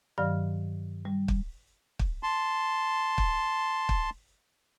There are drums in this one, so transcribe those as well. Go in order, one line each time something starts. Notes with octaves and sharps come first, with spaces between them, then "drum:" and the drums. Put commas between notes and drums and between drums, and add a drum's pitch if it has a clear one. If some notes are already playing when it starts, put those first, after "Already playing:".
G2 D#3 F#3 D5 F5 F6
G3
drum: kick
drum: kick
A5 C6
drum: kick
drum: kick